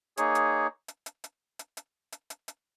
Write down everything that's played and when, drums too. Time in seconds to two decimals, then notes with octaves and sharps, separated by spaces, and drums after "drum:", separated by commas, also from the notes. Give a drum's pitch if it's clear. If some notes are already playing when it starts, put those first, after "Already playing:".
0.17 A#3 D#4 G#4 C#5, drum: hi-hat
0.35 drum: hi-hat
0.88 drum: hi-hat
1.06 drum: hi-hat
1.24 drum: hi-hat
1.59 drum: hi-hat
1.77 drum: hi-hat
2.12 drum: hi-hat
2.30 drum: hi-hat
2.48 drum: hi-hat